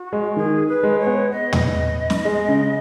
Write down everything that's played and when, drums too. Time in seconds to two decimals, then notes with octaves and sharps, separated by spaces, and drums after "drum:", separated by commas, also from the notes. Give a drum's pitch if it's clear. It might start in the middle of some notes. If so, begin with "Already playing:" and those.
Already playing: F#4
0.13 G#3
0.37 D#3 G#4
0.67 B4
0.83 G#3
0.99 C#5
1.07 B3
1.31 D#5
1.53 drum: tom
2.10 drum: snare
2.25 G#3
2.48 C#3